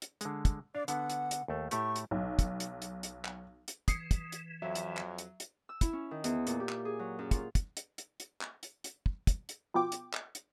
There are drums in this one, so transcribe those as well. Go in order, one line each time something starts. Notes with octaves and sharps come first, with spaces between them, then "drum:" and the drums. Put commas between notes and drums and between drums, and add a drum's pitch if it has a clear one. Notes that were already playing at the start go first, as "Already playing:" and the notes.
drum: hi-hat
D3 G#3, drum: hi-hat
drum: kick, hi-hat
D4 D5 F5
D3 B3 F#5, drum: hi-hat
drum: hi-hat
drum: hi-hat
D#2 A3
A2 A3 G4 C#6, drum: hi-hat
drum: hi-hat
B1
drum: kick, hi-hat
drum: hi-hat
drum: hi-hat
drum: hi-hat
drum: clap
drum: hi-hat
E3 D#6 C7 C#7, drum: kick, hi-hat
drum: kick, hi-hat
drum: hi-hat
F2 F#3 E5
drum: hi-hat
drum: clap
drum: hi-hat
drum: hi-hat
E6
E4, drum: kick, hi-hat
C#4
D#3
E2, drum: hi-hat
A#2, drum: hi-hat
G4
drum: clap
G#4
F#3
F#2
F4, drum: kick, hi-hat
drum: kick, hi-hat
drum: hi-hat
drum: hi-hat
drum: hi-hat
drum: clap
drum: hi-hat
drum: hi-hat
drum: kick
drum: kick, hi-hat
drum: hi-hat
B2 F3 B3 F4 G5 D6
drum: hi-hat
drum: clap
drum: hi-hat